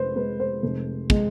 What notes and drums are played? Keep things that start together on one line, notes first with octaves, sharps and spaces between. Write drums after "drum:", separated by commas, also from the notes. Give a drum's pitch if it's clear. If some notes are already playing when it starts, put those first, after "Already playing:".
Already playing: F1 G#3 B4 C5
G#3 B4
C5
F1
G#3, drum: kick